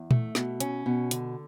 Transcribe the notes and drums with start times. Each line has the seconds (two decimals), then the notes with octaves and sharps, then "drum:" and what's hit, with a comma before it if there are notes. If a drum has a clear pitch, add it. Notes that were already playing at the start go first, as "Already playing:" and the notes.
Already playing: E2
0.11 A3, drum: tom A#2
0.35 B2, drum: snare
0.60 C#4, drum: hi-hat
0.86 B2
1.11 D3, drum: hi-hat